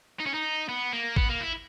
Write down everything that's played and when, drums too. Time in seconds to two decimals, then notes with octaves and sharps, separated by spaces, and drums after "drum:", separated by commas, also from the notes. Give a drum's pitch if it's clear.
0.20 D#4
0.26 C#4
0.34 D#4
0.69 B3
0.93 A#3
1.16 B3, drum: kick
1.29 A#3
1.41 E4